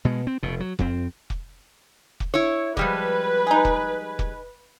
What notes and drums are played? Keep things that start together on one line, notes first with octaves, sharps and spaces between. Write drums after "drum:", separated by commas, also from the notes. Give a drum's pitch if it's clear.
B2 G#3
C4
F1 B2
F#3
F2 C4, drum: kick
drum: kick
drum: kick
E4 C#5
F3 G3 G#3 B4, drum: kick
D#4 G#4
drum: kick
drum: kick